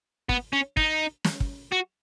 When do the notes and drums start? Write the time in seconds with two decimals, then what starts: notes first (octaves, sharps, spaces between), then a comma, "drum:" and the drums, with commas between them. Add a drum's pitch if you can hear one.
0.29 B3, drum: kick
0.53 C#4
0.77 D#4, drum: kick
1.25 drum: snare
1.40 drum: kick
1.72 F#4